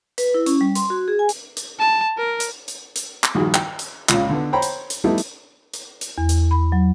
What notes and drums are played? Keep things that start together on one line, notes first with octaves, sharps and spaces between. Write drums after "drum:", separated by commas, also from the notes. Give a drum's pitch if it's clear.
B4, drum: hi-hat
E4
C#4, drum: hi-hat
G3
C6, drum: hi-hat
F#4
G#4
G#5
drum: hi-hat
drum: hi-hat
A5
A#4
drum: hi-hat
drum: hi-hat
drum: hi-hat
drum: clap
A#1 G2 D#3 F#4 G#4
G5, drum: clap
drum: hi-hat
C#2 A#2 C#3, drum: clap
D3 B3
C5 C#5 G5 A#5 B5
drum: hi-hat
drum: hi-hat
G3 A3 B3 D#4 E4
drum: hi-hat
drum: hi-hat
drum: hi-hat
E2
drum: hi-hat
B5
F#3